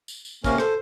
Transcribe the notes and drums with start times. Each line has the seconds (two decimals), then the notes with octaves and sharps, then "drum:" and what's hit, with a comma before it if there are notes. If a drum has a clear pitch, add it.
0.08 drum: tambourine
0.25 drum: tambourine
0.44 C3 A#3 C#4 A#4, drum: kick, tambourine
0.58 A4 C5, drum: rim click